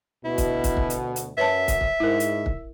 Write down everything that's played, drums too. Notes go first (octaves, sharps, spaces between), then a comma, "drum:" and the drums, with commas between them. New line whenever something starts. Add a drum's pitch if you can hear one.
D2 B2 E4
drum: kick, hi-hat
drum: kick, hi-hat
drum: kick
drum: hi-hat
drum: hi-hat
F#2 B4 C#5 E5 A5
drum: kick, hi-hat
drum: kick
G#2 E4 A#4
drum: hi-hat
drum: kick